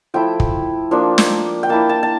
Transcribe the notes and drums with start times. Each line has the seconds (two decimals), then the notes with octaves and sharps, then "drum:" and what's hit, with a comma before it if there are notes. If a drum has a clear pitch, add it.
0.14 F3 A3 E4 G5
0.40 drum: kick
0.91 F3 A#3 D4
1.18 drum: snare
1.63 G5
1.69 A#3 E4 A5
1.89 A5
2.03 A5